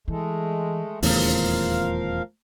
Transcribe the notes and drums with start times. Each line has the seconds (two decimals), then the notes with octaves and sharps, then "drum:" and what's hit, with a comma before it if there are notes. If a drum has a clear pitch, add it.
0.08 E3 G#3 A3
1.02 D#1 E2 C#3 F3 A3 A#4 F5, drum: open hi-hat